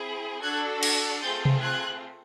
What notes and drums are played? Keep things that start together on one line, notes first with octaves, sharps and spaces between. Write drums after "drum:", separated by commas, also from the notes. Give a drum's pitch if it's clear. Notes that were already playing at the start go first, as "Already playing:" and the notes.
Already playing: C4 E4 G#4
D4 F#4 A4 F#6 G#6
G#6 A#6, drum: cymbal
A3 C4 F4 G#4 G6 A6
drum: tom C3
F#6 G#6